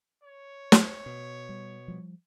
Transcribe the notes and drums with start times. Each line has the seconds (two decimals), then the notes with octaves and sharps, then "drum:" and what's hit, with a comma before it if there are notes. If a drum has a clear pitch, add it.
0.24 C#5
0.72 drum: snare
1.06 B2
1.49 G3
1.88 F3 G3